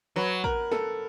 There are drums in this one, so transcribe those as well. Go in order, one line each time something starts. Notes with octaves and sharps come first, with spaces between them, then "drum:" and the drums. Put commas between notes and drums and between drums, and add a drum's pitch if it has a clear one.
F#3 B4
A#4, drum: kick
A4, drum: snare